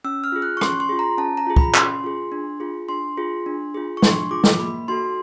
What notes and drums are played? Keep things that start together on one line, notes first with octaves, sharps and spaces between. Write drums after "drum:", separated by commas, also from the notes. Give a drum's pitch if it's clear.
C#4 E6
F6
F4 G#4
F#6
C#6
C#4 C6, drum: rim click
C6
F4 G#4
A#5
C#4 A5
A#5
F4 G#4
B5, drum: kick
C#4 C6, drum: clap
F4 G#4
D4
F4 G#4
D4 C6
F4 G#4
D4
F4 G#4
C#6
D4 C6, drum: snare
F4 G#4 D6
drum: snare
A#3 B5
D#4 F#4 A4 C6